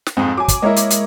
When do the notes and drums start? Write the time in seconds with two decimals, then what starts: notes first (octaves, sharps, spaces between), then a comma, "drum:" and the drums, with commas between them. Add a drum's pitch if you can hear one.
0.06 drum: snare
0.17 F2 G#2 C4
0.37 F#3 G#5 D6
0.48 drum: kick, hi-hat
0.62 G#3 A#3 E4 A#4 C#5 D#5
0.76 drum: hi-hat
0.90 drum: hi-hat